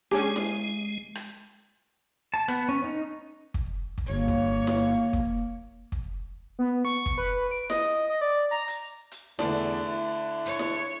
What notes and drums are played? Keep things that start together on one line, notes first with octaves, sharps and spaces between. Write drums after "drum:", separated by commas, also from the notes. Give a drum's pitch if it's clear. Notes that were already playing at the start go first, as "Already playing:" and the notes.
G#3 C#4 D4 G4 G#4
drum: snare E4
drum: rim click
A5
B3, drum: rim click
C#4
D#4
drum: kick
drum: kick
G1 A#3 C#5
drum: kick
drum: snare E4
drum: kick
drum: kick
B3
C#6
drum: kick
B4
D7
D#5, drum: snare E4
D#5
D5
A#5
drum: hi-hat
drum: hi-hat
E2 D3 A3 D4, drum: snare E4
E4
C#5, drum: hi-hat
drum: snare E4